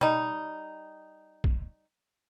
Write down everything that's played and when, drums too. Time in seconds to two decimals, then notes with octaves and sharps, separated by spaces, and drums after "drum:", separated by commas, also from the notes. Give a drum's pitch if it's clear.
0.01 G3 D#4, drum: tom B2
1.44 drum: kick